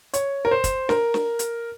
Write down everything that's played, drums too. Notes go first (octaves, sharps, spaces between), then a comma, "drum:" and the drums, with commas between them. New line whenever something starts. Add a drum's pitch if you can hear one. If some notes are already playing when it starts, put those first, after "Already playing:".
C#5, drum: hi-hat
A#4
C5
drum: kick, hi-hat
A#4, drum: snare
drum: snare
drum: hi-hat